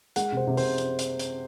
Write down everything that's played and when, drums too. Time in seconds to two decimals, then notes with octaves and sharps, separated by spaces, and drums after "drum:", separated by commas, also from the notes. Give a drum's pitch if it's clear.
0.16 G#3 F#5, drum: hi-hat
0.32 C3 C5
0.47 C3
0.57 C5, drum: open hi-hat
0.78 drum: hi-hat
0.99 drum: hi-hat
1.19 drum: hi-hat